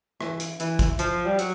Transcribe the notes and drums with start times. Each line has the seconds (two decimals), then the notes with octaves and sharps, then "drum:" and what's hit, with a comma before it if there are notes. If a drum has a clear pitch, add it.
0.21 E3, drum: rim click
0.40 drum: hi-hat
0.60 E3, drum: hi-hat
0.79 drum: kick, hi-hat
0.99 F3, drum: hi-hat
1.26 G3
1.39 F#3, drum: hi-hat